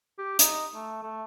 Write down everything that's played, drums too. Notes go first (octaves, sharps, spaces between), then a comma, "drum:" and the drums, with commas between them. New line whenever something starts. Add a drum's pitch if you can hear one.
G4
D#4, drum: hi-hat
A3
A3